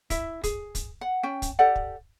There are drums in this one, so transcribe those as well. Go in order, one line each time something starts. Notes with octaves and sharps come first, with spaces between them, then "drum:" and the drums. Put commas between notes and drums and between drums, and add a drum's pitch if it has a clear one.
E4 E5, drum: kick, hi-hat
G#4, drum: kick, hi-hat
drum: kick, hi-hat
F#5
C#4 G5
drum: kick, hi-hat
G4 A4 D5 F#5
drum: kick